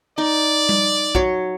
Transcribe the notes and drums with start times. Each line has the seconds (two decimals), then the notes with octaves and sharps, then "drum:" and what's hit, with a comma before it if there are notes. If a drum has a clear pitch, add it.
0.18 D#4 D5
0.69 drum: tom G3
1.15 F#3 C#5, drum: kick